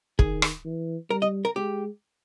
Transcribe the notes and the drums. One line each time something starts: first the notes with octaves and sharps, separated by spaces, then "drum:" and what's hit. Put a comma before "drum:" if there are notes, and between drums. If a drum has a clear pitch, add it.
D#3 G#4, drum: kick
drum: rim click
E3
G3 A#4
D#5
A#4
G#3 G4